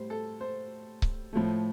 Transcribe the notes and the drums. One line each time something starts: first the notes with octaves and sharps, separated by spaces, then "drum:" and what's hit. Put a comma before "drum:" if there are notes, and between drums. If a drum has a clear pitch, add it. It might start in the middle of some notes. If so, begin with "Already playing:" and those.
Already playing: A2 G3 C5
A4
C5
drum: kick C#1
A2 F3 A3